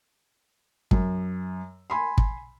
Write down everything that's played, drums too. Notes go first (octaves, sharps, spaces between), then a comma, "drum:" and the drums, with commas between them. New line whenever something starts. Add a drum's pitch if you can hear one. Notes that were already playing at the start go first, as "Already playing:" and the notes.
F#2, drum: kick
G#5 B5 C6
drum: kick